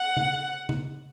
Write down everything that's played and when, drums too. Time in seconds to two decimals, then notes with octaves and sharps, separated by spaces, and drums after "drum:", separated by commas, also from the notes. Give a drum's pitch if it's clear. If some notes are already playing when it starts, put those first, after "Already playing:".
Already playing: F#5
0.17 drum: tom C#3
0.69 drum: tom C#3